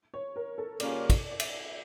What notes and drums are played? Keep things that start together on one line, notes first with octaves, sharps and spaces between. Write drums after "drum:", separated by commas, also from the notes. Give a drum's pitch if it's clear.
C#5
A#4
A4
C#3 G3 A#3 C#4 F4 D5, drum: cymbal
D5, drum: kick, cymbal
D5
E5, drum: cymbal